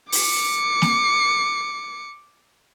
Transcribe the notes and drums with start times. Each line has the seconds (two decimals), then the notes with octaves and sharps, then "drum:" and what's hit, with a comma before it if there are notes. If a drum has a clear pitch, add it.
0.12 D6 C#7, drum: open hi-hat
0.82 drum: snare A#3